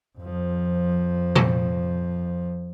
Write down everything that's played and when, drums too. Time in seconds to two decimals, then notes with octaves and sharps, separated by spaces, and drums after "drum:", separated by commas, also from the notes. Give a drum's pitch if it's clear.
0.18 F2 F3
1.36 drum: tom A#2